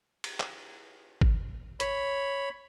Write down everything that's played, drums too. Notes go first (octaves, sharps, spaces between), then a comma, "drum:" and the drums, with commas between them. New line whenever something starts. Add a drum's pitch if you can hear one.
drum: cymbal
drum: clap
drum: kick
C#5 B5, drum: hi-hat